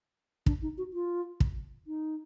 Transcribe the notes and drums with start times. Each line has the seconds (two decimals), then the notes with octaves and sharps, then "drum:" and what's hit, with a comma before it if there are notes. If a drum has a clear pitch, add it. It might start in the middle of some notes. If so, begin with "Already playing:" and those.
0.46 D4, drum: kick
0.62 D#4
0.78 F#4
0.93 F4
1.40 drum: kick
1.87 D#4